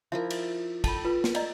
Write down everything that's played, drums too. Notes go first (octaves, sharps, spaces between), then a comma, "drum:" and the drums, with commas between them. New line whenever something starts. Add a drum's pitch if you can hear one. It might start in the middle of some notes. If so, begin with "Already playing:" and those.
F3 E4 A#4 E5
drum: cymbal
A4 G5 A5 B5, drum: kick, cymbal
F4 B4
drum: snare
D5 D#5 A#5, drum: cymbal